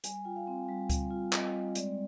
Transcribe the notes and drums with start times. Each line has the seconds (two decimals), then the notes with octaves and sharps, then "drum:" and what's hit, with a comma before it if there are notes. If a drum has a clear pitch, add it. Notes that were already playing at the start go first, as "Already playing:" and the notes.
0.04 G3 G#5, drum: hi-hat
0.14 G#5
0.25 F4 G5
0.36 F5
0.47 C4
0.69 G3
0.90 G3, drum: kick C#2, hi-hat
1.10 F4
1.33 C4 D#5, drum: clap
1.54 G3
1.75 G#3 D5, drum: hi-hat